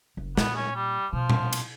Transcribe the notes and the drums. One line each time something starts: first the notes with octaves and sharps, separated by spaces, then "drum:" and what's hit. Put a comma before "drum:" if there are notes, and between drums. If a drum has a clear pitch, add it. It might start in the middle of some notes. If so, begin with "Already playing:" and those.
F#1
A#2 B3, drum: snare
C#4
G3
B2 F3
drum: tom A#2
drum: cymbal